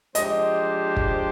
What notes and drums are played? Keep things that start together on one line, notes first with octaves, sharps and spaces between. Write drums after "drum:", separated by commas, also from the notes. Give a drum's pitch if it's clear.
F3 G#3 D4 G4 C5 D#5, drum: hi-hat
drum: kick